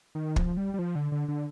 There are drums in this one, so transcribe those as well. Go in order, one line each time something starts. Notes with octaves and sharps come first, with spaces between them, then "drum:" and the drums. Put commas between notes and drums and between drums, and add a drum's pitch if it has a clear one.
D#3
F3, drum: kick
G3
G3
F3
D3
D3
D3